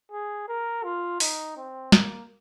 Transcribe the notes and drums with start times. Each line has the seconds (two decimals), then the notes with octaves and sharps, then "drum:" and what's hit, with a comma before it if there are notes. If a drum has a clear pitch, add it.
0.12 G#4
0.48 A#4
0.84 F4
1.20 D#4, drum: open hi-hat
1.57 C4
1.92 A#3, drum: snare